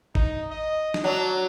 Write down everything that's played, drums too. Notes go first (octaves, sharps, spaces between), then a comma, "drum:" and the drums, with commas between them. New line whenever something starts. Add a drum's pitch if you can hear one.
D#4, drum: kick
D#5
drum: snare
F#3 D4